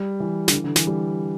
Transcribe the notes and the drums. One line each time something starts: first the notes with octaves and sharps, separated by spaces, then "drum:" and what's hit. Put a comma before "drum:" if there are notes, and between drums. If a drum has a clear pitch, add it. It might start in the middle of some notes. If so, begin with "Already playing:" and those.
Already playing: G3
E3
D3, drum: snare
E3
D3
E3, drum: snare
G3